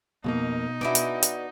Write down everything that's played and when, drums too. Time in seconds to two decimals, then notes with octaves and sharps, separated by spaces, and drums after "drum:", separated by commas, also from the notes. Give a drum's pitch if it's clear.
0.24 F2 B2 G#3 A#3 D#4
0.81 B3 D4 E4 F#4 G#4 D6
0.95 drum: hi-hat
1.23 drum: hi-hat